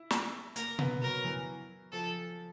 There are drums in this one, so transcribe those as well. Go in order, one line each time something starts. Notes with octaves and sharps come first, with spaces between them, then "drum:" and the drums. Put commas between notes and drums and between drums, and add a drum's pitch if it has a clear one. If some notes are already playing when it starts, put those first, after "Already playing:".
Already playing: E4
drum: snare
A#3 A#4, drum: hi-hat
B3, drum: tom B2
F#3 A#4
E3
F3 A4